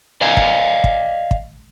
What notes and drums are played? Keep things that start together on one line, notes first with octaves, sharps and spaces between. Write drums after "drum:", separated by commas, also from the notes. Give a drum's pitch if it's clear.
D5 D#5 F5 G#5
drum: kick
drum: kick
drum: kick